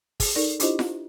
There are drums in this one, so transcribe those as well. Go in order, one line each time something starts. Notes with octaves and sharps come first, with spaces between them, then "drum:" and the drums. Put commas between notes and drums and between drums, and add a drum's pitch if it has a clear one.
G#4, drum: kick, open hi-hat
D#4 A4 A#4 D5
D4 E4 F4 G4 C5 D#5, drum: hi-hat
drum: snare F4